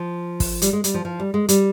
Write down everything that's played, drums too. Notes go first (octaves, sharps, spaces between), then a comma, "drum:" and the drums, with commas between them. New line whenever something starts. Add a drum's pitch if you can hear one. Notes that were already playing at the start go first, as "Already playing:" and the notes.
Already playing: F3
drum: kick, open hi-hat
G3, drum: hi-hat
G#3
G3, drum: hi-hat
F3
F3
G3
G#3
G3, drum: hi-hat